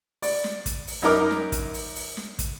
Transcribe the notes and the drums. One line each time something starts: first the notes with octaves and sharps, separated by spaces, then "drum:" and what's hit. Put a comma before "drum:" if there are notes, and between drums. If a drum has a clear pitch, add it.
D5, drum: open hi-hat
drum: snare
drum: kick, hi-hat
drum: open hi-hat
F#2 D#4 A#4 D6
drum: snare
drum: kick, hi-hat
drum: open hi-hat
drum: open hi-hat
drum: snare
drum: kick, hi-hat